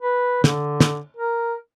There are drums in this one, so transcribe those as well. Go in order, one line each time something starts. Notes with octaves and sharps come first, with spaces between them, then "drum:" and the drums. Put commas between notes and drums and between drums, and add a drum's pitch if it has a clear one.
B4
D3, drum: snare
drum: snare
A#4